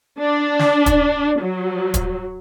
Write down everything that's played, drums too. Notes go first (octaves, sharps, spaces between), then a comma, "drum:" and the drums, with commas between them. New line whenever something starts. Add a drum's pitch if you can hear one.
D4
drum: snare
drum: kick, hi-hat
F#3
drum: kick, hi-hat